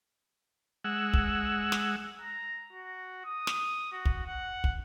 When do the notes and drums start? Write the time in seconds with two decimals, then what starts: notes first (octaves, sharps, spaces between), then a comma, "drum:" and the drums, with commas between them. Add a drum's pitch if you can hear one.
0.84 G#3 F#5 E6
1.14 drum: kick
1.72 drum: snare
2.22 A#5
2.73 F#4
3.25 D#6
3.47 drum: snare
3.92 F#4
4.06 drum: kick
4.27 F#5
4.64 drum: kick